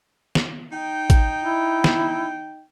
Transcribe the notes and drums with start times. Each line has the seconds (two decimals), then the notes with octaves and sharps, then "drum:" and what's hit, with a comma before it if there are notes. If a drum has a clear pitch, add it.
0.35 drum: snare
0.73 D#4 G5
1.10 drum: kick, hi-hat
1.43 E4
1.84 drum: snare